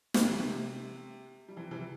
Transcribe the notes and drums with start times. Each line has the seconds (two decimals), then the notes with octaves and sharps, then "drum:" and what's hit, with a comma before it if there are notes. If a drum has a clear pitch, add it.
0.14 C3, drum: snare
0.29 C3 E3
0.42 C3
1.48 G3
1.57 C3 E3
1.71 C3 E3